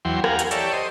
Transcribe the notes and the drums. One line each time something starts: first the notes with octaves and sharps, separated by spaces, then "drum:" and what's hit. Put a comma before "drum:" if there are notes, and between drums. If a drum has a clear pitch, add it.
E2 E3 F#3 G5 C6
G4 A#4 F5 F#5 G#5, drum: rim click
drum: hi-hat
G4 A4 C#5 D5 E5, drum: hi-hat
C5 D#5